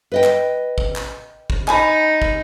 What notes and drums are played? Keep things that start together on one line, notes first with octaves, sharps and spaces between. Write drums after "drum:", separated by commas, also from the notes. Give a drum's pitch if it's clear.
B4 D#5 G5
drum: clap
drum: kick
drum: clap
drum: kick
D#4 G#5 B5, drum: clap
drum: kick